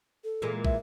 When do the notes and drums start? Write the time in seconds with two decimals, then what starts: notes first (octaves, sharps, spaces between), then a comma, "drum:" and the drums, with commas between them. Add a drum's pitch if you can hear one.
0.24 A4
0.42 A#2 E3 G#3
0.65 E5, drum: kick